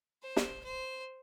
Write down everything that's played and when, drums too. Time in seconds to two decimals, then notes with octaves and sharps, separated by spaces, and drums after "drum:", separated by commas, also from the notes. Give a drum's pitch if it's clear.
0.23 C5
0.36 drum: snare
0.64 C5